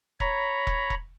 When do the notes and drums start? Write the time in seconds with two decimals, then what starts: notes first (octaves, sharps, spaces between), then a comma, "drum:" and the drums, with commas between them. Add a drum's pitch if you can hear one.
0.20 C#5 A#5 B5, drum: kick E1
0.67 drum: kick E1
0.90 drum: kick E1